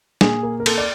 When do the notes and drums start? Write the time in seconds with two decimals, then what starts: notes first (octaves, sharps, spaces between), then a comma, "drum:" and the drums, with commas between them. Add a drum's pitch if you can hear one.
0.21 A#2 G#4, drum: snare
0.43 A#3
0.60 A#4
0.66 A#3 A4, drum: cymbal
0.78 D5